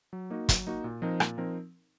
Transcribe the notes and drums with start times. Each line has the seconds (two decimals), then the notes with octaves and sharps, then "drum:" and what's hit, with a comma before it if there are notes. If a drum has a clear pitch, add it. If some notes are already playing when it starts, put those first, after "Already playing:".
0.13 F#3
0.30 A#3 D#4 F#4
0.49 F#3, drum: kick, hi-hat
0.67 A#3 D#4 F#4
0.84 A#2
1.02 F3 C4 D#4 A#4
1.20 A#2, drum: rim click
1.38 F3 C4 D#4 A#4